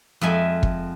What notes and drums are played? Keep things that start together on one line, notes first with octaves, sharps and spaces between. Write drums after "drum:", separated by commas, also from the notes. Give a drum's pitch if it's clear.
F2 G#3 E5 G#5
drum: kick